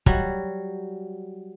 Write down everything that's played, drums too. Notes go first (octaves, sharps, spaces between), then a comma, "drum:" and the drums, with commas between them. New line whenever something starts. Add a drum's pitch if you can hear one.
F#3 G3 F#4, drum: kick